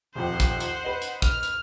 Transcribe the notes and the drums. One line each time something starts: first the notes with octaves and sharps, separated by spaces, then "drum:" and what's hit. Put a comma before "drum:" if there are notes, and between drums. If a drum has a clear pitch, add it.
D#1 F2 C5 F#5
drum: kick, hi-hat
drum: hi-hat
B4 D#5
drum: hi-hat
F6, drum: kick, hi-hat
drum: hi-hat